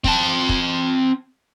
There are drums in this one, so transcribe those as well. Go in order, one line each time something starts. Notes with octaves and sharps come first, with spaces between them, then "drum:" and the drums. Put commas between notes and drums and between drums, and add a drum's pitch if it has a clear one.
C4 A5, drum: kick
drum: kick